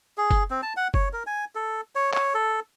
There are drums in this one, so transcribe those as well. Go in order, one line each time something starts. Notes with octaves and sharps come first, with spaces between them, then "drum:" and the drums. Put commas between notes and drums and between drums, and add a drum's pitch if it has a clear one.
G#4
drum: kick F#1, tambourine
C4
A5
F#5
C#5, drum: kick F#1
A#4
G#5
A4
C#5
C#5, drum: clap
A4